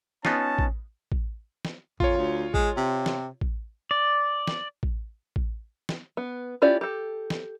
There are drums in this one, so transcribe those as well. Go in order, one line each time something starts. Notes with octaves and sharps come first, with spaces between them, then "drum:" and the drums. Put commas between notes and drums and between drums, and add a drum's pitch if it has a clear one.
B3 C#4 D#4 F4 A5, drum: snare
drum: kick A1
drum: kick A1
drum: snare
F2 F4 C#5, drum: kick A1
D2
G#3, drum: kick A1
C3
drum: snare
drum: kick A1
D5
drum: snare
drum: kick A1
drum: kick A1
drum: snare
B3
C#4 E4 F4 G4 D5
G4 A4
drum: snare